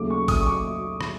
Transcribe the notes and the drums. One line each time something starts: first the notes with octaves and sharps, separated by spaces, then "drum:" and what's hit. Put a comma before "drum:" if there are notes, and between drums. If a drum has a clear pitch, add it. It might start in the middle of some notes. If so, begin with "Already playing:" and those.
Already playing: D#2 C#3 F#3 A3 D6
C#6
D#6, drum: kick G#1, open hi-hat
C#6
D6
drum: rim click